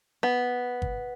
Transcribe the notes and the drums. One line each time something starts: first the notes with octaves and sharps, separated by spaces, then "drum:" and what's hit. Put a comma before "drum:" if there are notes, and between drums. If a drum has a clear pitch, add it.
B3
drum: kick G1